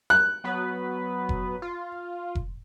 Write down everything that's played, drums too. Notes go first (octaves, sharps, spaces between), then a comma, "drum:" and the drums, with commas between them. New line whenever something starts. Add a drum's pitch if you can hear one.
F#6
F#3 B3 B4
drum: kick F1
F4
drum: kick F1